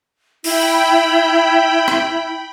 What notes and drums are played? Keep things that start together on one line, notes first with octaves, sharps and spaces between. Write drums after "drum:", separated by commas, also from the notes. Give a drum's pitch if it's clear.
E4 G5 B5, drum: open hi-hat
drum: rim click